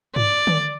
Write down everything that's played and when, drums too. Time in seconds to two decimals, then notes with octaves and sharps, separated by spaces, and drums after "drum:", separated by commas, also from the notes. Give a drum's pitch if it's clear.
0.16 D5, drum: tom G2
0.47 drum: tom D3